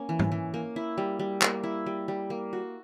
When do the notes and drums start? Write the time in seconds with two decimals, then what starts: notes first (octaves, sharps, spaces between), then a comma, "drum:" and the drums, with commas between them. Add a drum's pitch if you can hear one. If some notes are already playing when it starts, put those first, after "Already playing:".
Already playing: A#3 C#4
0.09 E3
0.19 drum: tom G#2
0.32 E3
0.54 A#3
0.76 E4
0.98 G3
1.19 G3
1.42 A#3, drum: clap
1.63 E4
1.86 G3
2.08 G3
2.30 A#3
2.53 F#4